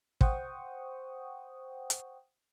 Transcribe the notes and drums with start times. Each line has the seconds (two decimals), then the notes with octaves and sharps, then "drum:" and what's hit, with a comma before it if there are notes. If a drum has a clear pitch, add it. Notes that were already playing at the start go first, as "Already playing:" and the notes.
0.21 C5 F#5 G5 C#6 D#6, drum: kick
1.90 drum: hi-hat